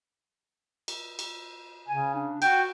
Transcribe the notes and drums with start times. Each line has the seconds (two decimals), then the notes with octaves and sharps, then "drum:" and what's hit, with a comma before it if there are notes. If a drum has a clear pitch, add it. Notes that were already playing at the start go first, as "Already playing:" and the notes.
0.88 drum: cymbal
1.19 drum: cymbal
1.89 C#3 G#5
2.14 D4
2.42 F#4 G5, drum: cymbal